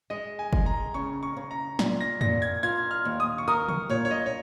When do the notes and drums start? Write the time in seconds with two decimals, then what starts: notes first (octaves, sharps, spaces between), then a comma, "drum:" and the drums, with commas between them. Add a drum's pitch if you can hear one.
0.10 G#3 D#5
0.39 G#5
0.53 G#3, drum: kick F#1
0.66 A#5
0.94 C#3 C#6
1.23 C#6
1.37 C#3
1.51 A#5
1.79 A#2, drum: snare
2.01 A#6
2.21 A#2 A#6, drum: tom
2.42 G#6
2.63 F4 G#6
2.91 F6
3.05 D#2
3.20 D#6
3.38 C#6
3.48 A#4 D#6
3.69 C#6, drum: tom C3
3.89 A#2 C#5
4.05 C#5
4.11 D#5
4.26 C#5